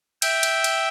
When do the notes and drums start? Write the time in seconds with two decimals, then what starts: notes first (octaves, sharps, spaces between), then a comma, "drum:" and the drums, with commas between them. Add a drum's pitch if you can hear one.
0.22 E5 G5, drum: cymbal
0.43 drum: cymbal
0.64 drum: cymbal